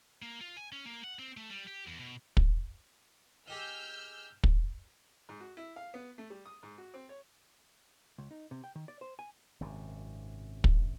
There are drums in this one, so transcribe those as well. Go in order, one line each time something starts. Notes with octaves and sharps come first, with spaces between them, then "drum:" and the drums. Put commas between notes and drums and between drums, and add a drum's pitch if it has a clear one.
A#3
F4
G#5
C#4
A#3
F#5
C4
A3
G3
G4
E2
B2
drum: kick
D#4 G4 G#4 E6 F6 G6
drum: kick
G#2
F#4
E4
F5
B3
A3
G3
D#6
G#2
F#4
C4
C#5
C#2
D#4
C3
G5
D#3
D5
C5
G#5
G#1 F#2 C3
drum: kick